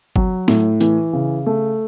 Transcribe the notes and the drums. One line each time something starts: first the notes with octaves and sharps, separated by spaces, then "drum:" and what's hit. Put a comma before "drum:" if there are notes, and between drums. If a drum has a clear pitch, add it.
F#3, drum: kick
A2, drum: snare
E3, drum: hi-hat
C#3
A3